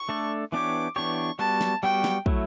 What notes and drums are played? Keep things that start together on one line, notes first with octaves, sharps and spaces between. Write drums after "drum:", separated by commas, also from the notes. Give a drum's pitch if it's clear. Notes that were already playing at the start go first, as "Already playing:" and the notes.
Already playing: C#6
A3 D4 A4 D5
E3 B3 D4 G4 C#5 D6
E3 B3 D4 G4 C#5 C#6
G3 B3 F#4 A5
drum: snare
G3 B3 F#4 G5
drum: snare
F#3 A3 E4, drum: kick